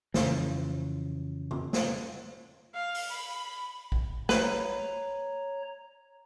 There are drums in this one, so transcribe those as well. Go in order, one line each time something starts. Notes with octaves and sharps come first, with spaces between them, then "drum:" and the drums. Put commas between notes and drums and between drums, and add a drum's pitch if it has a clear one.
F2 C#3 E3, drum: snare
drum: tom
drum: snare
F5
drum: open hi-hat
B5
drum: kick
B4 C#5 A#5, drum: snare